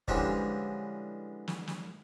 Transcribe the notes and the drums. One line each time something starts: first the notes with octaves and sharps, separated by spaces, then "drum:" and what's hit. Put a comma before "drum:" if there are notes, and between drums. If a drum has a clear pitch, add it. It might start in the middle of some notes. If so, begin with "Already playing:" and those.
D3 E3 F3 G3 G#3 C#4, drum: kick F1
drum: snare
drum: snare